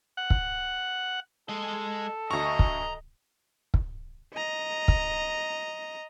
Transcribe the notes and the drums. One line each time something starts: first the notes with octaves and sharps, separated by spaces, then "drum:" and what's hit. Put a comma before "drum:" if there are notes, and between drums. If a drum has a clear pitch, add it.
F#5
drum: kick
G#3 A4 D#5
D2 D#5 A#5 C#6
drum: kick
drum: kick
D#5 A#5
drum: kick